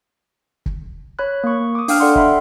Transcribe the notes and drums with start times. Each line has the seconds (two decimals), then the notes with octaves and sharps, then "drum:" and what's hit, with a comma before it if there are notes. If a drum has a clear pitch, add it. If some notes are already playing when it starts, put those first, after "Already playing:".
0.66 drum: kick
1.19 C#5 B5 F#6
1.44 A#3 C#6
1.75 D6 D#6
1.88 D4 F5 G5 F6, drum: open hi-hat
2.00 A4 D5 F#5 G5 C6
2.15 E5 B5 C6, drum: kick